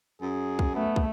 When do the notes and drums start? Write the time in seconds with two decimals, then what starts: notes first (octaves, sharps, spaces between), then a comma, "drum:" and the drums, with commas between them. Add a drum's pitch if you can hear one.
0.22 F#2 G#4
0.59 drum: kick
0.75 A3 B3
0.96 drum: kick